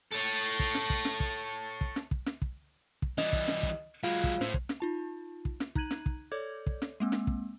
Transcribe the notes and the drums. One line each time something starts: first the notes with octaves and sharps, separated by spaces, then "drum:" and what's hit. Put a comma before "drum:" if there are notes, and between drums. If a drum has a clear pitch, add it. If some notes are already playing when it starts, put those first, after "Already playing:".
A4 C#5
drum: kick
drum: snare
drum: kick
drum: snare
drum: kick
drum: kick
drum: snare
drum: kick
drum: snare
drum: kick
drum: kick
E3 G3 D#5, drum: snare
drum: kick
drum: snare
drum: kick
F#3 G#3 F4 F5
drum: kick
A2 C5, drum: snare
drum: kick
drum: snare
D#4 F4 A5
drum: kick
drum: snare
D#4 A#5 F#6 G#6 D#7 F#7, drum: kick
drum: snare
drum: kick
A4 C#5 D5 D6 G6 G#6
drum: kick
drum: snare
G#3 A#3 C4 E6
drum: snare
drum: kick